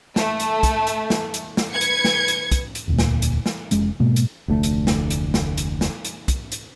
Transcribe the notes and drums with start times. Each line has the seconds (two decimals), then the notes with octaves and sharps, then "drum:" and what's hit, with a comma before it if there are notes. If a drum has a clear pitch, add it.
0.16 A3, drum: snare
0.40 drum: hi-hat
0.63 drum: kick, hi-hat
0.87 drum: hi-hat
1.10 drum: snare
1.34 drum: hi-hat
1.57 drum: snare
1.72 B4 G#6 C#7
1.81 drum: hi-hat
2.04 drum: snare
2.28 drum: hi-hat
2.52 drum: kick, hi-hat
2.75 drum: hi-hat
2.87 E1 D2 A#2
2.99 drum: snare
3.22 drum: hi-hat
3.46 drum: snare
3.71 F1 G#3 C#4, drum: hi-hat
4.00 G#2 B2 G#3 A#3
4.16 drum: hi-hat
4.48 F1 D2 A3
4.63 drum: hi-hat
4.87 drum: snare
5.10 drum: hi-hat
5.34 drum: snare
5.57 drum: hi-hat
5.81 drum: snare
6.05 drum: hi-hat
6.28 drum: kick, hi-hat
6.52 drum: hi-hat